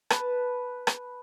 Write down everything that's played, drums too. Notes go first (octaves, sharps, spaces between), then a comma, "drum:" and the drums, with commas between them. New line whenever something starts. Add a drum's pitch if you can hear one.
B4 A5, drum: rim click
drum: rim click